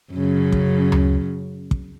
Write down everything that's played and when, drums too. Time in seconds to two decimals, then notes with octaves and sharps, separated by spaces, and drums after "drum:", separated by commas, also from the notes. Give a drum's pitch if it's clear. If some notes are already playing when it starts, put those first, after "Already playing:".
0.13 F#2 C#3
0.52 drum: kick
0.92 drum: tom D2
1.71 drum: kick